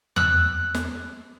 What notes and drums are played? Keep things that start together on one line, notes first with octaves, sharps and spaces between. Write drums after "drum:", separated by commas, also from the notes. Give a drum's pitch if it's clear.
E6 F#6, drum: tom E2
drum: snare